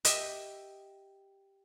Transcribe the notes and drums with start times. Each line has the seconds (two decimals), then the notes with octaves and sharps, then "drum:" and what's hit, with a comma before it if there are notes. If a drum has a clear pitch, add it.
0.05 G4 D#5 E5 G5, drum: hi-hat